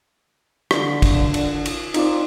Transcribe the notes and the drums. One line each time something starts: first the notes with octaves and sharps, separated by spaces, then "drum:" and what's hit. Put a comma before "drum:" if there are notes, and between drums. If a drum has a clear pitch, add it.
D3, drum: rim click
drum: kick, cymbal
drum: cymbal
drum: cymbal
C4 D#4 F4 D5, drum: cymbal